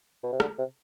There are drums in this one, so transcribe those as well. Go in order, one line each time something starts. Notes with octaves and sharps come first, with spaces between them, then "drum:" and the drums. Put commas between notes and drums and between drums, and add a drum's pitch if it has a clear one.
B2
C3
D3, drum: rim click
C3